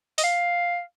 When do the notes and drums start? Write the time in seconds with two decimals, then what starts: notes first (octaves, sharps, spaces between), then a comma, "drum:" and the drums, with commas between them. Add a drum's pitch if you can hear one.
0.18 D#5, drum: open hi-hat
0.23 F5